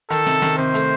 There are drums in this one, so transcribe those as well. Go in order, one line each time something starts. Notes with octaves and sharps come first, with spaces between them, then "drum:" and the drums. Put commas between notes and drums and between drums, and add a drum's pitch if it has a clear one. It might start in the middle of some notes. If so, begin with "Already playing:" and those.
D#3 A4, drum: hi-hat
C3, drum: snare
D#3, drum: snare
C3 C5
A3, drum: hi-hat